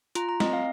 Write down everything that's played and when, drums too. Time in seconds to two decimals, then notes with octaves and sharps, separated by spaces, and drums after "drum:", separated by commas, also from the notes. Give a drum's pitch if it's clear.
0.15 F4 A#5, drum: hi-hat
0.29 A#5
0.40 C4 D#5, drum: snare
0.53 F5